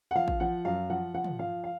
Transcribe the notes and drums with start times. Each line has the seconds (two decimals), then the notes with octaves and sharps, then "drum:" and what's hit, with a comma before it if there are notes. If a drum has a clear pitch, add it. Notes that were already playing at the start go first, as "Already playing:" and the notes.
0.11 F#5
0.15 F3 F5
0.28 drum: kick
0.40 F3 F#5
0.65 F#2 F5
0.90 F3 F#5
1.14 F3 F#5
1.24 drum: tom
1.39 F3 F5
1.64 F5